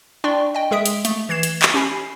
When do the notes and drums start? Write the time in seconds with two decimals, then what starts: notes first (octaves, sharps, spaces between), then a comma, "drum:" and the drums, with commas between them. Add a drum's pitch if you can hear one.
0.24 D4 D5 G5 C6 C#6
0.54 D#5 G5
0.71 G#3 G#4 E5 D#6 D7
0.86 drum: hi-hat
1.05 A3, drum: hi-hat
1.29 E3 G#6 C7 E7
1.43 drum: hi-hat
1.62 drum: clap
1.74 C#4 G4 G#5 B5 C7